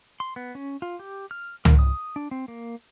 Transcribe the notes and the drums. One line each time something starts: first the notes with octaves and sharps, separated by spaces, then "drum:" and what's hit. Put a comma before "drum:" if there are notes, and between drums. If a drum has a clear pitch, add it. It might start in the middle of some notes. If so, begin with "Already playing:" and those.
C6
B3
C#4
F4
G4
F6
A#4, drum: tom
D#6
D4
C4
A#3